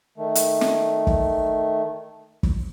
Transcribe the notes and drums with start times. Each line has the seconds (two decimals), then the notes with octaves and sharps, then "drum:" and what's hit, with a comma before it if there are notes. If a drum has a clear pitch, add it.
0.18 D#3 A3
0.35 drum: hi-hat
0.61 drum: snare
1.07 drum: kick
2.43 drum: kick